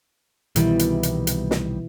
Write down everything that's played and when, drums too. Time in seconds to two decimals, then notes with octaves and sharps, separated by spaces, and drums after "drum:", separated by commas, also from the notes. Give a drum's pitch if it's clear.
0.56 C2 B2 D#3 E3 G3 E4, drum: hi-hat
0.79 drum: hi-hat
1.03 drum: hi-hat
1.27 drum: hi-hat
1.51 drum: snare